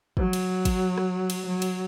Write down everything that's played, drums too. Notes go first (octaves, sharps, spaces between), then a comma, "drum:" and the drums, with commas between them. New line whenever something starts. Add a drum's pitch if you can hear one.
F#3, drum: kick
drum: cymbal
drum: kick, cymbal
drum: rim click
drum: cymbal
F#3
drum: cymbal